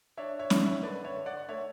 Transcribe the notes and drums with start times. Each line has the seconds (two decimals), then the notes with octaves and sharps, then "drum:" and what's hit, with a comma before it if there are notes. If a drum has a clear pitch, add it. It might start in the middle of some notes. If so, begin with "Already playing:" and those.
0.17 D4 C#5 E5
0.39 C#5 E5
0.50 D3, drum: snare C#4
0.61 C#5 E5
0.83 D3 B4 D5
1.04 C#5 E5
1.15 D3
1.26 D5 F#5
1.49 A3 C#5 E5